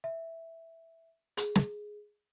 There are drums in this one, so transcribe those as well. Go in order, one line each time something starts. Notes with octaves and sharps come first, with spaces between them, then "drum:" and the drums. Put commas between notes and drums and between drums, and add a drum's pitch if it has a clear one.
E5
G#4, drum: hi-hat
drum: snare